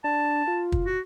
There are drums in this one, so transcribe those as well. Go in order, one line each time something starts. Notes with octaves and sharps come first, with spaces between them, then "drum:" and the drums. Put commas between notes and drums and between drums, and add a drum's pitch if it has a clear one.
D4 A5
F4
drum: kick
F#4